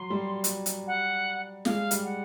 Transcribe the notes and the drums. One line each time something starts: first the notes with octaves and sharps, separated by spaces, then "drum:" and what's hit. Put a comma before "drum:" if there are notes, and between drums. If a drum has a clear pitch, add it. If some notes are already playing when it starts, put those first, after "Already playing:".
Already playing: F#3 C6
G3
drum: hi-hat
drum: hi-hat
F#5
G#3 F5, drum: snare
G3, drum: hi-hat
F#5